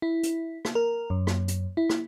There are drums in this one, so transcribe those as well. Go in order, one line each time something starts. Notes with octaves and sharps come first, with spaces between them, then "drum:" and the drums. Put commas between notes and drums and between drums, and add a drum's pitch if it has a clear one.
E4
drum: hi-hat
drum: rim click
A#4
F#2
drum: rim click
drum: hi-hat
E4
drum: rim click